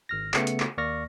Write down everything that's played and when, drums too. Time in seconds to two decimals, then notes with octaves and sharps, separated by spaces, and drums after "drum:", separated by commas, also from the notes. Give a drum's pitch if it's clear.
0.09 G#1 F6 A#6
0.34 C#3 A3 B3 C#7, drum: clap
0.47 drum: hi-hat
0.60 drum: clap
0.78 D#2 A#3 D5 C#6 F6 A#6